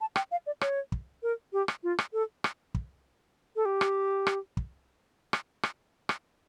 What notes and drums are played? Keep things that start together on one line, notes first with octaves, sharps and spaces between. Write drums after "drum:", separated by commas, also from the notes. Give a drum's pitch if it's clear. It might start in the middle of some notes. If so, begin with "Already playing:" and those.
A5
G5, drum: rim click
F5
D5
C#5, drum: rim click
drum: kick
A#4
G4
drum: rim click
F4
drum: rim click
A4
drum: rim click
drum: kick
A4
G4
drum: rim click
drum: rim click
drum: kick
drum: rim click
drum: rim click
drum: rim click